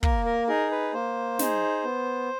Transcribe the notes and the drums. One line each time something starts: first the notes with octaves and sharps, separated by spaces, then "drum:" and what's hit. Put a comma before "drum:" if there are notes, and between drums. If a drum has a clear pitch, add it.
A#3 A#4, drum: kick
A#4
D#4 G#4 A#4
B4
A#3 C5
D#4 G#4, drum: snare
B3